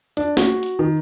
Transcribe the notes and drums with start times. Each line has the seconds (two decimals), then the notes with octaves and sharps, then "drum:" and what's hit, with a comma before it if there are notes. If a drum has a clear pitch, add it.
0.17 D4, drum: hi-hat
0.37 F#4, drum: snare
0.63 drum: hi-hat
0.79 D#3